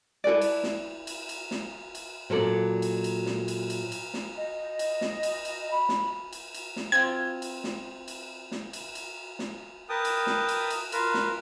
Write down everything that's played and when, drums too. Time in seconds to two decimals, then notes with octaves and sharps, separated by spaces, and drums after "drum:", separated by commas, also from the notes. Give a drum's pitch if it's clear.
0.24 E4 A4 B4 D5
0.41 drum: cymbal
0.63 drum: snare
1.07 drum: cymbal
1.29 drum: cymbal
1.51 drum: snare
1.95 drum: cymbal
2.30 A#2 F#3 A4 B4 D5
2.82 drum: cymbal
3.04 drum: cymbal
3.26 drum: snare
3.48 drum: cymbal
3.70 drum: cymbal
3.92 drum: cymbal
4.14 drum: snare
4.37 D#5
4.79 drum: cymbal
5.01 drum: snare
5.23 drum: cymbal
5.45 drum: cymbal
5.71 B5
5.89 drum: snare
6.33 drum: cymbal
6.54 drum: cymbal
6.76 drum: snare
6.92 C4 F4 G#6
7.42 drum: cymbal
7.64 drum: snare
8.08 drum: cymbal
8.51 drum: snare
8.73 drum: cymbal
8.95 drum: cymbal
9.39 drum: snare
9.89 A#4 B4 G5 A5 D#6
10.05 drum: cymbal
10.27 drum: snare
10.48 drum: cymbal
10.70 drum: cymbal
10.92 F4 A#4 B4, drum: cymbal
11.14 drum: snare